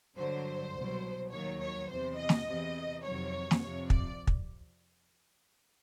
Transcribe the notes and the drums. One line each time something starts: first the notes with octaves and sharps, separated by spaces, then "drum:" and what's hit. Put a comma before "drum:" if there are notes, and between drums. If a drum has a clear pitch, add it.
G2 D3 F#3 C5
C2 B2 F#3
D#2 D#3 F#3 C#5
C#5
E2 C3 E3 C5
D#5
drum: snare
E2 C3 E3
F2 C3 D#3 F#3 C#5
drum: snare
F2 C3 F3 C#5
D5, drum: kick
drum: kick